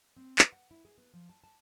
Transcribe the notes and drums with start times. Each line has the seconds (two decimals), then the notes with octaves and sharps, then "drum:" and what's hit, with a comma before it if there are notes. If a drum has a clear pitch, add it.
0.17 C4
0.39 B4, drum: clap
0.52 F#5
0.71 E4
0.85 G#4
0.98 B3
1.13 F3
1.30 A5
1.44 A5